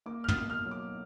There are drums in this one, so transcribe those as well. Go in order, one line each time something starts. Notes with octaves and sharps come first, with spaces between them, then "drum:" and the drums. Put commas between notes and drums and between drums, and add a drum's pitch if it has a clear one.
A#3 D6
F6
D#6, drum: tom
B2
F6
F#3
D6